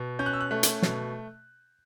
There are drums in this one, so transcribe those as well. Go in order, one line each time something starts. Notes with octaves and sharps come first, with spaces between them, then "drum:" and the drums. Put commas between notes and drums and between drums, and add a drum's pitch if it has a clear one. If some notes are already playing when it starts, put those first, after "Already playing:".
Already playing: B2
C#4 G6
F#6
E6
F#6
A3 F#6
drum: hi-hat
B2, drum: snare